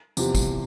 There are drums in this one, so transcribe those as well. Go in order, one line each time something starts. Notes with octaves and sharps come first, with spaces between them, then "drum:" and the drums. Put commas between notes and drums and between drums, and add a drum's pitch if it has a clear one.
E2 C3 F3, drum: tambourine
drum: kick, tambourine